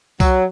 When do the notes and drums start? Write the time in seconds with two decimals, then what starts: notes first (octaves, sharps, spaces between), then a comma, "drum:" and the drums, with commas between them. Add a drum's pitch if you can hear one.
0.20 F#3, drum: kick C2, tambourine